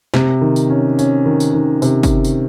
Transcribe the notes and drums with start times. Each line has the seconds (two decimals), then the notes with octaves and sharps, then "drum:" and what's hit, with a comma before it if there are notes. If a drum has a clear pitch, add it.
0.14 C3, drum: snare
0.41 D#3
0.56 drum: tambourine
0.70 C#4
0.99 C#4, drum: tambourine
1.26 D#3
1.40 drum: tambourine
1.54 D#3
1.82 C3, drum: tambourine
2.03 drum: kick, tambourine
2.24 drum: tambourine